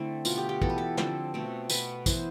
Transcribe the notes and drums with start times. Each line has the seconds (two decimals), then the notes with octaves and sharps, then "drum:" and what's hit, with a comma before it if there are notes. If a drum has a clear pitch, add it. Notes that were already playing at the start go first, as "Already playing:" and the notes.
Already playing: D3 A3 C4 E4
0.25 B2 B3 F4, drum: tambourine
0.37 G4
0.49 G4
0.62 E3 B3 A4, drum: kick
0.70 B4
0.78 A4
0.97 D3 F3 C4 A4, drum: snare
1.34 B2 A3 C4
1.70 B2 B3 B4, drum: tambourine
2.06 E3 B3 C5, drum: kick, tambourine